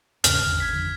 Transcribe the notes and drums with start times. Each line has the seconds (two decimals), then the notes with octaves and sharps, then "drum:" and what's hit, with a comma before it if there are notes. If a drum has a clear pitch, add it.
0.24 E2 G#2 C#3 F6, drum: hi-hat
0.43 G1 E2 D3
0.60 G#1 G#6 B6
0.73 F2 D3